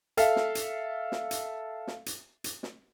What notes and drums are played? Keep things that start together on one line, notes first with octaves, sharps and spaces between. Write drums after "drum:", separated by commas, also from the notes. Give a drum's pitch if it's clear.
A4 E5 F5, drum: hi-hat
drum: snare
drum: hi-hat
drum: snare
drum: hi-hat
drum: snare
drum: hi-hat
drum: hi-hat
drum: snare